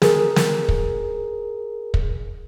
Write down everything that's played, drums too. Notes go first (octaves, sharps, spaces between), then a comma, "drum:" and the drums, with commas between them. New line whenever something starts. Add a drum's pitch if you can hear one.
G#4 A#4, drum: snare
drum: snare
drum: kick
drum: kick